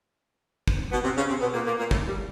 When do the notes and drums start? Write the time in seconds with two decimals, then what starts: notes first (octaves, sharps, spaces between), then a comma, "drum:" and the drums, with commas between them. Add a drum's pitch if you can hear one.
0.68 drum: kick
0.92 B2 B3
1.04 C3 C4
1.16 C#3 C#4
1.29 C3 C4
1.41 B2 B3
1.54 A#2 A#3
1.66 A#2 A#3
1.78 A#2 A#3
1.91 A2 A3, drum: kick
2.07 G3